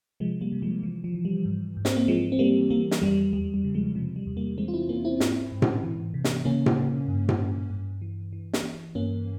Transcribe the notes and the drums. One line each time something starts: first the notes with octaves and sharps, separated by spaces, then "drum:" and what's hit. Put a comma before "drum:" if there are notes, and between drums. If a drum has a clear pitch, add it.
C3 F3 G#3
G3 A#3
C3
F3 G#3
E3 F3
F3
E3
G3
G#2
G#2
C4, drum: snare
A#3
E3 F3 G#3
C4
E3 G3 A#3
E3 G3 A#3
drum: snare
F2 G3
E2 G3
G3
C#3
F3 G#3
C3 F3
G3
E2
G3 A#3
E3 G#3 C4
F4
C4 E4
E3 A#3 C#4
C4 E4
G#2, drum: snare
G#2
drum: tom A2
E3
C3
drum: snare
C#3 A#3 C#4
drum: tom A2
C#3
G2
drum: tom A2
G2
G2
E3
E3
drum: snare
E3
G2 A#3 C#4